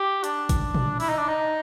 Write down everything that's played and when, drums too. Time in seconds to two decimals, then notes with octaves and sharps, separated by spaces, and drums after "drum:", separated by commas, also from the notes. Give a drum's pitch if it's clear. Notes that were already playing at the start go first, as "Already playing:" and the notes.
Already playing: G4
0.24 D4, drum: hi-hat
0.49 drum: kick G#1, hi-hat
0.74 drum: tom A#2
1.00 E4, drum: open hi-hat
1.09 D#4
1.18 D4
1.28 D#4